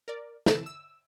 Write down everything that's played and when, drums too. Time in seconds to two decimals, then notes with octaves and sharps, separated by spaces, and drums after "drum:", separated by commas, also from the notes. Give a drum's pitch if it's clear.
0.08 A#4 D5
0.46 C3 E3 A4 E7, drum: snare
0.66 E6